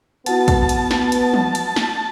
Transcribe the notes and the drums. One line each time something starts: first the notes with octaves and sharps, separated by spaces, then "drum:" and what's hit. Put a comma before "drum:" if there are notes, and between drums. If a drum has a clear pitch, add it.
B3 E4 F#4 F#5 A5, drum: hi-hat
drum: kick, hi-hat
drum: hi-hat
drum: snare
drum: hi-hat
drum: tom
drum: hi-hat
drum: snare